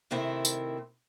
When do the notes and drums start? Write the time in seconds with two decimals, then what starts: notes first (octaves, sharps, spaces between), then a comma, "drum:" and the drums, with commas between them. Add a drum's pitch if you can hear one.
0.11 C3 D#3 A3 C4 E4
0.45 drum: tambourine